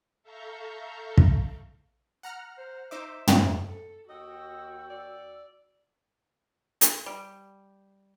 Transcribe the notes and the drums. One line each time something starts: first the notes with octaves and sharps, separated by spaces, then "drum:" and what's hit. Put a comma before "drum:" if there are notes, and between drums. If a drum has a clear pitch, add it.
A4 E5 F5 A#5 C#6 G6
drum: kick
F#5 A#5 F6
C5
D#4 C5 E5 D6
drum: tom
A4
D#2 F#4 D#5 G5 E6
D5
drum: hi-hat
G3